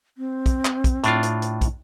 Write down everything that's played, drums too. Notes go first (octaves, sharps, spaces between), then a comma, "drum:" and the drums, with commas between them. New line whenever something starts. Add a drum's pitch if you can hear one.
C4
drum: kick, hi-hat
drum: clap
drum: kick, hi-hat
A2 D4 F4, drum: hi-hat
drum: hi-hat
drum: hi-hat
drum: kick, hi-hat